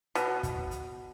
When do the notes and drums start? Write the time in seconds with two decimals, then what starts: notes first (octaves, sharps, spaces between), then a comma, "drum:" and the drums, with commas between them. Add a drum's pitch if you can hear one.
0.15 B2, drum: hi-hat
0.43 drum: kick, hi-hat
0.71 drum: hi-hat